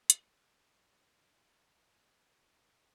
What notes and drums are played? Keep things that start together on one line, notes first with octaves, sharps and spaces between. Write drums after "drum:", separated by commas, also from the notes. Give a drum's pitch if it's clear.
D4 B4 C#5, drum: hi-hat